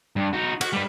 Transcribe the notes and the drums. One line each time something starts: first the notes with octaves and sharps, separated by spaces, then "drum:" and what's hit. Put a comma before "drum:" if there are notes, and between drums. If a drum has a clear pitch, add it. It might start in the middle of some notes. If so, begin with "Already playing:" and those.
G2
D#4 F#4
F#4, drum: cymbal
G3 B4